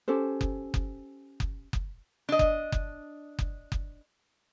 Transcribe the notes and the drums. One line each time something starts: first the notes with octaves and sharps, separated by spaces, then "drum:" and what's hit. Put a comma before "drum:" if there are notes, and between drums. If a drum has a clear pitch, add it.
C#4 G4 A4 C5
drum: kick F#1
drum: kick F#1
drum: kick F#1
drum: kick F#1
D4 D#5
drum: kick F#1
drum: kick F#1
drum: kick F#1
drum: kick F#1